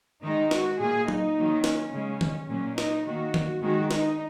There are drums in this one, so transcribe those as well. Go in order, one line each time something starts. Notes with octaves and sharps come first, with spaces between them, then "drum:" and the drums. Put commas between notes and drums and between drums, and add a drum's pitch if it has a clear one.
D#3 G#3 D#4
F#4, drum: snare
A#2 A#3 G#4
D#4, drum: tom F#3
D#3 F#3 A#3
C#4, drum: snare
C#3 G#3
drum: tom D#3
A#2 F#3 A#3 C#4
D#4, drum: snare
D#3 A#3 F#4
drum: tom D#3
D#3 G#3 F#4
D#4, drum: snare